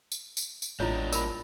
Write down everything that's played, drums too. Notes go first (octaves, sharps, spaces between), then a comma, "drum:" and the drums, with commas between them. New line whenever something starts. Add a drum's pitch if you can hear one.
drum: tambourine
drum: tambourine
drum: tambourine
A1 G#3 D4 E4 F4 C#5
A#4 B5, drum: tambourine